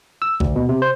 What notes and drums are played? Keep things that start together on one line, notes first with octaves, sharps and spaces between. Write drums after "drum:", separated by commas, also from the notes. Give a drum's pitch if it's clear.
E6
D2, drum: kick
B2
C3
C5